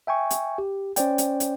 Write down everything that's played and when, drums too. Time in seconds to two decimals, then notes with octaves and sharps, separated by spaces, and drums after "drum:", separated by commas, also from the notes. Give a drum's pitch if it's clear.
0.07 E5 G5 G#5 C#6
0.31 drum: hi-hat
0.58 G4
0.96 C#4 C5 D5 G5, drum: hi-hat
1.18 drum: hi-hat
1.40 drum: hi-hat